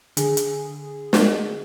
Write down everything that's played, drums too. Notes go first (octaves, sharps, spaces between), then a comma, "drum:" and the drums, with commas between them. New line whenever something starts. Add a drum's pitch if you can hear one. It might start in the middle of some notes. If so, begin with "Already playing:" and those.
D3 G#4, drum: hi-hat
drum: hi-hat
drum: snare